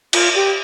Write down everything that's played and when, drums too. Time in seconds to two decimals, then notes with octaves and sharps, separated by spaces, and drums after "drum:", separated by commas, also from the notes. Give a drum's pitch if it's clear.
0.13 F4, drum: cymbal
0.35 G4